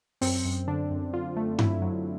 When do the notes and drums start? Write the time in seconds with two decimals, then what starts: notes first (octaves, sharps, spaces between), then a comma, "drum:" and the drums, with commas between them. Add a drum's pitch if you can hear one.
0.21 F#2 C4, drum: open hi-hat
0.45 F#2
0.68 D3 D4
0.91 F#2
1.13 D3 F4
1.37 A3
1.59 F#3 E4, drum: tom G2
1.82 F#3